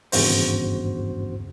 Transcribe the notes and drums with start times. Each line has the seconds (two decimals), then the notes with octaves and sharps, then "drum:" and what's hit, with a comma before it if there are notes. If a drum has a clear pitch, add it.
0.12 G#1 E2 G2 C#3 F#4 C5, drum: open hi-hat